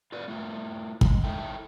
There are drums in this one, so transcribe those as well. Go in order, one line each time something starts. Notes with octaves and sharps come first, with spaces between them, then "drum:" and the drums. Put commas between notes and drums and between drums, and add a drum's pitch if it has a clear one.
F4 B4 D5
A3 E4 F4
G#3, drum: kick
D#4 E4 A4 G5